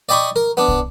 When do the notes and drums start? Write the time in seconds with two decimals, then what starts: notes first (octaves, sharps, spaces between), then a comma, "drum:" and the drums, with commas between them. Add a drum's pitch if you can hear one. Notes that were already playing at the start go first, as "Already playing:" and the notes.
0.09 D5 D#5 G5 B5 C#6 D#6
0.36 A#4
0.57 B3 D4
0.68 drum: kick